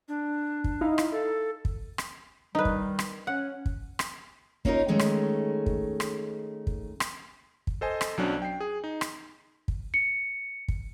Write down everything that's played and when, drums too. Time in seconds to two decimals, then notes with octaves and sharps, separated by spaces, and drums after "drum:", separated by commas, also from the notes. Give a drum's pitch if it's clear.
0.08 D4
0.64 drum: kick
0.81 D#4 E4 F5
0.98 drum: rim click
1.12 A4
1.65 drum: kick
1.98 drum: rim click
2.55 D#3 G3 D#4 B4
2.65 drum: kick
2.99 drum: rim click
3.27 C#4 F#5
3.66 drum: kick
3.99 drum: rim click
4.65 A#3 C#4 D#4 F4 A#4, drum: kick
4.88 D#3 G#3 A3 C#4
4.99 drum: rim click
5.66 drum: kick
6.00 drum: rim click
6.67 drum: kick
7.00 drum: rim click
7.67 drum: kick
7.81 A4 C5 D#5 G#5
8.01 drum: rim click
8.17 B1 F#3 C#4 D4
8.42 G5 C7
8.61 G#4
8.84 D#4
9.01 drum: rim click
9.68 drum: kick
9.94 C#7
10.68 drum: kick